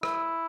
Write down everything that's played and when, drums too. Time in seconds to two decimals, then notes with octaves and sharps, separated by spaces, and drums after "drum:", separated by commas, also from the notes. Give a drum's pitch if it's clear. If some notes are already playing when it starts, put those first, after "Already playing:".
0.03 E4, drum: rim click